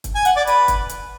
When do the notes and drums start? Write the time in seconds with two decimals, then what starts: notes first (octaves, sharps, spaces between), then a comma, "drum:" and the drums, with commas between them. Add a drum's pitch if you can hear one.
0.04 drum: kick, hi-hat
0.15 G#5
0.25 F#5, drum: hi-hat
0.36 D5
0.47 B4, drum: hi-hat
0.68 drum: kick, hi-hat
0.89 drum: hi-hat